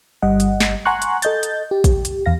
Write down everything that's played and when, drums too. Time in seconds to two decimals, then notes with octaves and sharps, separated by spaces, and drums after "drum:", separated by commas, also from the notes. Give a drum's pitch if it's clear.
0.22 G1 G3 D#5 F#5
0.40 drum: hi-hat
0.60 drum: snare
0.85 F#5 G#5 A#5 C6 C#6 F#6
1.02 drum: hi-hat
1.22 A4 D#5 G6 A6, drum: hi-hat
1.43 drum: hi-hat
1.71 G4
1.84 drum: kick, hi-hat
2.05 drum: hi-hat
2.26 E2 F5 A#6